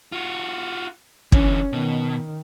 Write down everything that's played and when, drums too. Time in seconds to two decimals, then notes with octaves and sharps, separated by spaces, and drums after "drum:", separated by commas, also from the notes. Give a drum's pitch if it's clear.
0.12 F4 F#4
1.32 D3 E3 C#4, drum: kick
1.73 B2 D#3